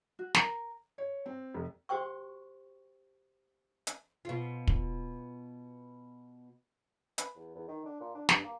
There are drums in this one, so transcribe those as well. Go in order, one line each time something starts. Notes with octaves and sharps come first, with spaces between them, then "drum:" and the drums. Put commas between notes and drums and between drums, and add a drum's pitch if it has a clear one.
F#4
A#4, drum: snare
C#5
C4
F1
F#4 G4 C5 G5 C#6
drum: hi-hat
B2 F4
drum: kick
B4, drum: hi-hat
E2
E2
D#3
D4
A#2
D4
G2, drum: snare
A#3